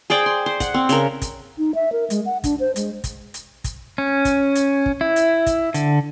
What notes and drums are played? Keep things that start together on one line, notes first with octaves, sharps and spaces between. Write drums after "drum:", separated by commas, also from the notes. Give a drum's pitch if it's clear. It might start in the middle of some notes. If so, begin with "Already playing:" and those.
G#4 C5 D5 G5
C6
C5
F#5, drum: kick, hi-hat
C4
C#3 A#4, drum: hi-hat
drum: kick, hi-hat
D#4
E5
A#4
G#3, drum: hi-hat
F#5
D4, drum: kick, hi-hat
C5
G#3, drum: hi-hat
drum: kick, hi-hat
drum: hi-hat
drum: kick, hi-hat
C#4
drum: kick, hi-hat
drum: hi-hat
drum: kick
E4
drum: hi-hat
drum: kick, hi-hat
D3, drum: hi-hat